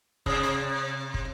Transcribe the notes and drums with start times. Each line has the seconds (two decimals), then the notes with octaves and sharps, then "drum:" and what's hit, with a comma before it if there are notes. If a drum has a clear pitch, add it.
0.26 C3, drum: kick
0.43 drum: rim click
1.14 drum: kick